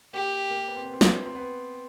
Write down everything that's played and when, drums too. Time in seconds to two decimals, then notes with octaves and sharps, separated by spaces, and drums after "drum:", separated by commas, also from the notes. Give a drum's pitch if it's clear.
0.13 A#3 G4
0.50 A#3
0.68 B3
0.76 C4
0.85 B3
0.93 C4
1.01 B3, drum: snare
1.10 C4
1.18 B3
1.26 C4
1.35 B3